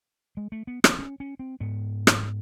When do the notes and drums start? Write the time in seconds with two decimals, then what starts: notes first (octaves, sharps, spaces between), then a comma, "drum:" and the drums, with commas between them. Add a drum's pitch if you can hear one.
0.37 G#3
0.52 A3
0.67 B3
0.84 C4, drum: rim click
0.99 C#4
1.20 C#4
1.39 C4
1.60 G#2 B3
2.07 drum: rim click